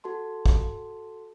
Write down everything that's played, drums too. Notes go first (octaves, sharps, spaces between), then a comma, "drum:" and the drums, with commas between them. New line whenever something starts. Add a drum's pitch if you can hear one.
F#4 A4 A5 C6
drum: kick